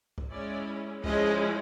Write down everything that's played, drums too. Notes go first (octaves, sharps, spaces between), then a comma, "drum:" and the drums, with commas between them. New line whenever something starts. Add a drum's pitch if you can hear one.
drum: kick
G#3 C#4 E4 D5
F3 G#3 C#4 E4 D#5, drum: kick